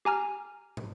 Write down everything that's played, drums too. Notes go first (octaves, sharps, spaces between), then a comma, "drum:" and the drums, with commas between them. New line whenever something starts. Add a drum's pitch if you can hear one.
G4 G#5 A#5 F6
drum: tom